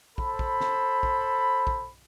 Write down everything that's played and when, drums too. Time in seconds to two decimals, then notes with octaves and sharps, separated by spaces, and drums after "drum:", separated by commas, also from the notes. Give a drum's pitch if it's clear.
0.18 A4 C5 B5, drum: kick
0.39 drum: kick
0.61 drum: snare
1.03 drum: kick
1.67 drum: kick